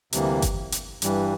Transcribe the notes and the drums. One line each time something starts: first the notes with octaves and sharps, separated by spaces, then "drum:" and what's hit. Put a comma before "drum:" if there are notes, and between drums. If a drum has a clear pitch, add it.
D2 C3 E3 G3 A#3, drum: hi-hat
drum: kick G1, hi-hat
drum: hi-hat
G2 E3 G3, drum: hi-hat